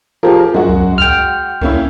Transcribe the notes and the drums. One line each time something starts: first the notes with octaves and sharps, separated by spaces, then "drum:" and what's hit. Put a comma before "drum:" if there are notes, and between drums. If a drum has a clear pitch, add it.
F3 G4 G#4 A#4
F#2 G#3 F#4
drum: kick C2
G5 F6, drum: kick C2
A#3 C#4 E4, drum: kick C2